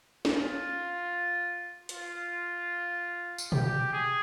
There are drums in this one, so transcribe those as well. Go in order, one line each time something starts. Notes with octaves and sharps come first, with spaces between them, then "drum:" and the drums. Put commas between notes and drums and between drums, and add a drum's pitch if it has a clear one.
F4, drum: snare
F4, drum: hi-hat
drum: tambourine
G4, drum: tom A#2
G#4